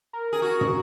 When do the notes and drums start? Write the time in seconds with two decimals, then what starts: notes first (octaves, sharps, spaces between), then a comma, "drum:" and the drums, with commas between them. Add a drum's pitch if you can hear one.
0.13 A#4
0.33 G#4
0.42 F#4
0.61 drum: tom